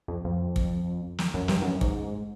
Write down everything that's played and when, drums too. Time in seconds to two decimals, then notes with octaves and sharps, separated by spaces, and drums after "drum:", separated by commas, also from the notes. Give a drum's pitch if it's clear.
0.08 F2
0.25 F2
0.56 drum: kick
1.19 drum: snare
1.34 F#2
1.48 G2, drum: snare
1.62 F#2
1.81 G#2, drum: kick